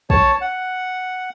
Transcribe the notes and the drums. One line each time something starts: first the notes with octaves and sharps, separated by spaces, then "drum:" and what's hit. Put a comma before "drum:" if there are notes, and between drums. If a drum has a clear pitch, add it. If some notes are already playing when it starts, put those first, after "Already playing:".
C#5 A5, drum: kick
F#5